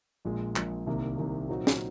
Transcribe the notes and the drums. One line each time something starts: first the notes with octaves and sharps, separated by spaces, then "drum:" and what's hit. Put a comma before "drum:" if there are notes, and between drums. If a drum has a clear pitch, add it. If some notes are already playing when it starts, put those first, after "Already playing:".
A#1 A#2 G#3
A#1 A#2 G#3, drum: clap
C2 C3 D#3 A#3
C2 C3 D#3 A#3
A#2 F#3 C4 D#4 F#4
drum: snare